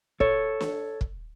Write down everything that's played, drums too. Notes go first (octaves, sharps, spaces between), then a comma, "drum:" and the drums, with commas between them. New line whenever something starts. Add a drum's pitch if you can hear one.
A4 C#5, drum: kick
drum: snare
drum: kick